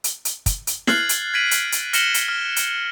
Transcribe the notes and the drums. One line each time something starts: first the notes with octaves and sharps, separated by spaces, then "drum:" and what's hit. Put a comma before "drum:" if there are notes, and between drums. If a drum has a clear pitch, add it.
drum: hi-hat
drum: hi-hat
drum: kick, hi-hat
drum: hi-hat
F6 F#6 G#6 A6 C7 F#7, drum: snare
drum: hi-hat
G#6 A6 B6 D7 D#7 F#7
drum: hi-hat
drum: hi-hat
F6 A#6 C#7 E7 F#7 G7, drum: hi-hat
drum: hi-hat
F6
drum: hi-hat